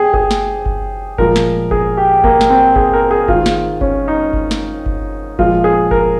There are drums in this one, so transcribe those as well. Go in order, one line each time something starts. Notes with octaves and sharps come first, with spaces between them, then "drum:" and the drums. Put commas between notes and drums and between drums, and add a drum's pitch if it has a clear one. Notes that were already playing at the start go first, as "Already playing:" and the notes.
Already playing: G4 G#4
G#4, drum: kick G1
drum: snare
drum: kick G1
A#2 F3 G#3 A#4, drum: kick G1
drum: snare
G#4, drum: kick G1
G4
A#3, drum: kick G1
drum: snare
C4
G#4, drum: kick G1
A#4
G#4
G#2 D#3 G#3 F4, drum: kick G1
drum: snare
C#4, drum: kick G1
D#4
drum: kick G1
drum: snare
drum: kick G1
A#2 F3 G#3 F4, drum: kick G1
G#4
A#4, drum: kick G1